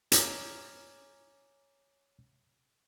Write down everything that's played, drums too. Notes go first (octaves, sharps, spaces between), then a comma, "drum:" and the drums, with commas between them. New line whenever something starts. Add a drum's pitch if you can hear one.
C#5 G#5 A#5 D6 F6 G#6, drum: hi-hat